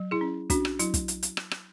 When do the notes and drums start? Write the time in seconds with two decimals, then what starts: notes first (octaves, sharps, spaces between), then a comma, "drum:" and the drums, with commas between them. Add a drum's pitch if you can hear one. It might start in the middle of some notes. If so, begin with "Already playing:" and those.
Already playing: F#3
0.11 E4 G#4
0.21 C#4
0.50 C#4 D4 F#4, drum: kick, hi-hat
0.65 drum: rim click
0.79 F#3 E4, drum: hi-hat
0.94 drum: kick, hi-hat
1.08 drum: hi-hat
1.23 drum: hi-hat
1.37 drum: rim click
1.51 drum: rim click